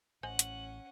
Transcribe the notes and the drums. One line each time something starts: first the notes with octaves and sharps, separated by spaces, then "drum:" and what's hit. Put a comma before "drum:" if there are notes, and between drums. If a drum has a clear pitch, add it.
A1 C#4 C5 D#5 F#5 G#5 F#7
drum: hi-hat